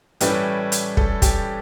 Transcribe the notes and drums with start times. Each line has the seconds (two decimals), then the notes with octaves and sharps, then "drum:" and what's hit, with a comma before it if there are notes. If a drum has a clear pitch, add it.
0.20 A2 E3 G3 C#4 E4 G4 B4, drum: hi-hat
0.72 drum: hi-hat
0.97 A4, drum: kick
1.22 G4, drum: kick, hi-hat